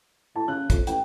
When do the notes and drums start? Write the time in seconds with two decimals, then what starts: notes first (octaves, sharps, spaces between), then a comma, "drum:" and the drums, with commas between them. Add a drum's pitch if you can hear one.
0.36 A2 A5
0.48 C#3 F#6
0.70 F2, drum: kick, hi-hat
0.87 A1 G5, drum: hi-hat